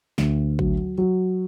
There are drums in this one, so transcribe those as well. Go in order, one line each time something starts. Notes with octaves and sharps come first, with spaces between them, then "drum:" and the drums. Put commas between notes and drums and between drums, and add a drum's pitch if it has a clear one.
D2, drum: snare
F#3, drum: kick G#1
F#3